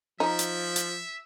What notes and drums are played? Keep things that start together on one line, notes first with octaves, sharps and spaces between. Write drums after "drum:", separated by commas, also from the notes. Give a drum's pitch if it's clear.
F3 D#4 E5
drum: hi-hat
drum: hi-hat